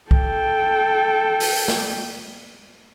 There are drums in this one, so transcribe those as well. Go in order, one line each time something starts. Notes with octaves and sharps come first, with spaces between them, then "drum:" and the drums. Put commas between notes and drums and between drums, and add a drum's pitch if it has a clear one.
A4 G5, drum: kick C2
drum: open hi-hat
drum: snare